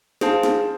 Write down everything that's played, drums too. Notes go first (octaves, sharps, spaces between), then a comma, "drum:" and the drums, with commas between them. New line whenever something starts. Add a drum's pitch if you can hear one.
G#4 C5 F5 A5, drum: snare
drum: snare